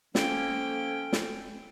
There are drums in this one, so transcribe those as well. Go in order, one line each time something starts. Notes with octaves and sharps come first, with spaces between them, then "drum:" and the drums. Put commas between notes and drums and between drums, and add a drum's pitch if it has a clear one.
F3 A#3 C#4 A4 G5, drum: snare
drum: snare